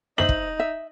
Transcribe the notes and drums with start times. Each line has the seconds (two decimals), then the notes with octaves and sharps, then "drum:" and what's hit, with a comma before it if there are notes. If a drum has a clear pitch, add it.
0.18 D#4 C5 E5 F#7
0.29 drum: kick
0.60 E5